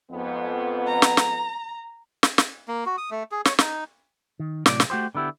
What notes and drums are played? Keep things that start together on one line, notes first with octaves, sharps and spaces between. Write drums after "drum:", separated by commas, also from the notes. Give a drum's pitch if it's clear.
F2 G#2 B3
A#5
drum: snare
drum: snare
drum: snare
drum: snare
A#3
F#4
D#6
A3
G#4
C#5, drum: snare
D#4, drum: snare
D#3
A2 C3 F#3 D5, drum: snare
drum: snare
A3 F#4 G4 C5
D3 B3 E4 G4